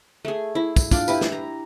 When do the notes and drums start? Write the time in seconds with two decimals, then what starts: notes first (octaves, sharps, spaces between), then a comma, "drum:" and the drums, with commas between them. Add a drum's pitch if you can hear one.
0.25 A3 G#4
0.55 E4
0.76 drum: kick, tambourine
0.91 D4 F4 D5, drum: kick, tambourine
1.08 E4 G4 B4, drum: tambourine
1.21 drum: snare
1.32 A#5